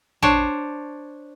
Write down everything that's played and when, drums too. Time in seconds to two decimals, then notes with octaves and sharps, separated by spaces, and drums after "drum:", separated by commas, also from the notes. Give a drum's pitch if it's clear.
0.22 D4 C5 C#5, drum: tom A1